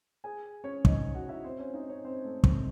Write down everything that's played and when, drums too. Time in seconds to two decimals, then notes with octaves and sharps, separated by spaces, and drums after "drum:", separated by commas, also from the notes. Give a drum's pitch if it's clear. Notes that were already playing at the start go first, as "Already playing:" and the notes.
0.24 G#4 G#5
0.64 C#4 C#5
0.85 D#4 D#5, drum: kick
1.15 F#4 F#5
1.29 E4 E5
1.44 C4 C5
1.59 C#4 C#5
1.74 D#4 D#5
1.89 C#4 C#5
2.05 C4 C5
2.24 A3 A4
2.44 C4, drum: kick